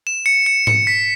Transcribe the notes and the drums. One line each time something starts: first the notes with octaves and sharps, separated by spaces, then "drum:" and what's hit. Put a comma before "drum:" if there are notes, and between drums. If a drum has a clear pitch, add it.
E7
C#7
C#7
C#7, drum: tom G#2
B6